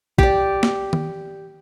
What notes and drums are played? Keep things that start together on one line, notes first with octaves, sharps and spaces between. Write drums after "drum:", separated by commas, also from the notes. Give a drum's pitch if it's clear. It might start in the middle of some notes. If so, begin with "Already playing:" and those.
G4 D5, drum: kick
drum: snare
drum: tom D#3